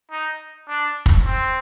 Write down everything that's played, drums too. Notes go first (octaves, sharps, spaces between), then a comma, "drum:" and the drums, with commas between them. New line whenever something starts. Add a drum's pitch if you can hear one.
D#4
D4
drum: kick
C4